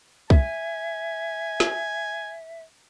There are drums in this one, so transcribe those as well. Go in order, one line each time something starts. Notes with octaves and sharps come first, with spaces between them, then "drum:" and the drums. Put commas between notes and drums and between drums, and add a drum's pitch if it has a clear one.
E5 G#5, drum: kick C2
drum: snare